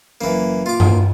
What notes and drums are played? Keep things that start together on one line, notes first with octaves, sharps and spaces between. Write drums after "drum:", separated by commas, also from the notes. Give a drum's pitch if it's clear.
F#1 E3 A#3
A#2 F4 D6
drum: tom G2